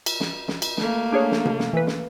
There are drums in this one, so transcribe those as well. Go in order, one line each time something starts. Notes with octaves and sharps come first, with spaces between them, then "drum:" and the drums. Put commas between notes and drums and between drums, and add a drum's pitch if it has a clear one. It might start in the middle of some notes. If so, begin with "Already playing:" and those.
drum: cymbal
drum: snare
drum: snare
drum: cymbal
A3 A#3, drum: snare
D4 G#4 C#5
drum: snare
drum: tom C3
drum: snare
E3 B4
drum: snare